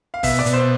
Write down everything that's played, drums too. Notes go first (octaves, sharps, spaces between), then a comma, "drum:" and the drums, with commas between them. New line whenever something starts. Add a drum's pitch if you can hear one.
F5
B2 E5, drum: kick, open hi-hat
D5
B2, drum: hi-hat
C5